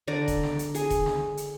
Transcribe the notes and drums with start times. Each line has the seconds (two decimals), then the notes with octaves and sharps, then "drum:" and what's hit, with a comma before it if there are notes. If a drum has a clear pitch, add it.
0.07 D3 D5 A#5
0.28 drum: kick E1, hi-hat
0.43 drum: snare
0.59 drum: hi-hat
0.75 G#4, drum: hi-hat
0.90 drum: kick E1, hi-hat
1.06 drum: snare
1.37 drum: hi-hat